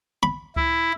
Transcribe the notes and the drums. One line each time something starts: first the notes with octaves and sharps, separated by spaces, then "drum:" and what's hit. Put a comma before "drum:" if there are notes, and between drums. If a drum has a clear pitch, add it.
B5
E4, drum: kick C#2